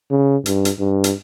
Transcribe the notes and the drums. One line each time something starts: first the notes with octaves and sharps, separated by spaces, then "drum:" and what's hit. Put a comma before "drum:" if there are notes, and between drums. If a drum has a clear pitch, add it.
C#3
G2, drum: hi-hat
drum: hi-hat
G2
drum: hi-hat